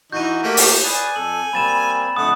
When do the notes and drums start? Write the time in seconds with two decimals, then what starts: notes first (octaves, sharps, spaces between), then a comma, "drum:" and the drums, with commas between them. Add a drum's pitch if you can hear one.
0.12 E3 D#4 F#4 G6 D#7
0.43 A3 A#3 G4
0.57 drum: open hi-hat
0.83 G#4 B4 D5 G#5
1.16 F2 A4 F#7
1.53 G3 A#3 C4 B5 A6 E7
2.16 F2 D3 A3 F#5 D#6